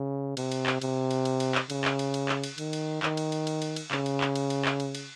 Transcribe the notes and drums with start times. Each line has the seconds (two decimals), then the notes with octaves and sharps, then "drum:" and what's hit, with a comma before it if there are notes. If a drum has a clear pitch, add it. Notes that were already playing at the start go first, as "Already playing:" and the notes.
Already playing: C#3
0.37 C3, drum: cymbal
0.52 drum: cymbal
0.66 drum: clap
0.82 C3, drum: cymbal
1.11 drum: cymbal
1.25 drum: cymbal
1.40 drum: cymbal
1.55 drum: clap
1.70 C#3, drum: cymbal
1.84 drum: clap
1.99 drum: cymbal
2.14 drum: cymbal
2.29 drum: clap
2.44 drum: cymbal
2.58 D#3, drum: cymbal
2.73 drum: cymbal
3.03 D#3, drum: clap
3.17 drum: cymbal
3.32 drum: cymbal
3.47 drum: cymbal
3.62 drum: cymbal
3.76 drum: cymbal
3.91 C#3, drum: clap
4.06 drum: cymbal
4.21 drum: clap
4.36 drum: cymbal
4.50 drum: cymbal
4.65 drum: clap
4.80 drum: cymbal
4.95 drum: cymbal